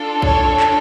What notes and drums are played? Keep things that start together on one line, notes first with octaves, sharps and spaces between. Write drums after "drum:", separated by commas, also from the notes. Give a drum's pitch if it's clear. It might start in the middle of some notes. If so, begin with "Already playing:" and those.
Already playing: D4 F4 A4
C#5, drum: kick
drum: clap